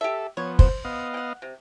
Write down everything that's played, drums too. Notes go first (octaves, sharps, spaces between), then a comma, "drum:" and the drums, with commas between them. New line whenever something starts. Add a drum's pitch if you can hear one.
G4 A4 E5
F3 B3 C#5
C5, drum: kick
B3 D#5 F5
F#5 G5
C3